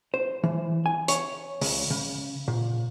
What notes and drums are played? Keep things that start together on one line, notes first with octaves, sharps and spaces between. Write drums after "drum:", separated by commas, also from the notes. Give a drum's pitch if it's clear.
C5
E3
G#5
C#5, drum: hi-hat
C#2, drum: open hi-hat
C#3
A#2